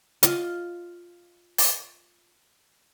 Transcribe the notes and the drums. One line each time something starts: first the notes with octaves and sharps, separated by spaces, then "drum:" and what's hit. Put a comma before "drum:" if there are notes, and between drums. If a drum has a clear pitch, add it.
F4 D#5, drum: hi-hat
drum: open hi-hat